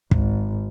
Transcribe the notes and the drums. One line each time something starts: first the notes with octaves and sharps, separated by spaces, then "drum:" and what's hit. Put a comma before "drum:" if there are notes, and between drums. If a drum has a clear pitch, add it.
G#1, drum: kick